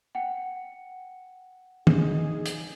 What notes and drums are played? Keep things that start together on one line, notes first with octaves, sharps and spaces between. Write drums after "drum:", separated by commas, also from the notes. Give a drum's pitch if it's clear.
F#5 G5 C#7
D#4 G#4, drum: tom
drum: hi-hat